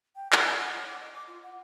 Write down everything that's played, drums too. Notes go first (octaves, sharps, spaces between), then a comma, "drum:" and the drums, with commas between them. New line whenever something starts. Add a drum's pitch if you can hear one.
G5
F#5, drum: clap
G#5
F#5
C#5
D6
D#5
D6
F4
F#5